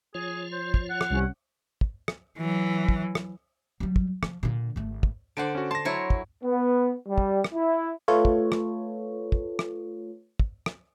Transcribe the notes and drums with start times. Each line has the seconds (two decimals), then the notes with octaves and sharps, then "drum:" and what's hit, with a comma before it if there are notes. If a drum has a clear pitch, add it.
0.14 F3 F4 G#4 C#5
0.52 C5
0.74 drum: kick
0.90 F#5
1.01 drum: rim click
1.10 C2 C#4
1.81 drum: kick
2.08 drum: rim click
2.38 E3 F#3
2.89 drum: kick
3.15 drum: rim click
3.80 F#3 G3
3.96 drum: kick
4.23 F3, drum: rim click
4.43 A#2 D3
4.76 G#1 A3
5.03 drum: kick
5.37 D3 C5 D5 F#5 D7
5.55 C#4 F#4
5.71 A5 C6 A#6
5.85 F#3 E4 C#5
6.10 drum: kick
6.43 B3
7.06 G3
7.18 drum: kick
7.44 drum: rim click
7.54 E4
8.08 A3 F4 A4 B4 C#5
8.25 drum: kick
8.52 drum: rim click
9.32 drum: kick
9.59 drum: rim click
10.39 drum: kick
10.66 drum: rim click